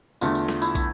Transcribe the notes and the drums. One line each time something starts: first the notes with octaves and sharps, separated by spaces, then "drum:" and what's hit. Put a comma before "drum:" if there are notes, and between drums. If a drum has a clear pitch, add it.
E2 D3 A3 F4, drum: tambourine
drum: tambourine
drum: snare
E4, drum: tambourine
drum: kick, tambourine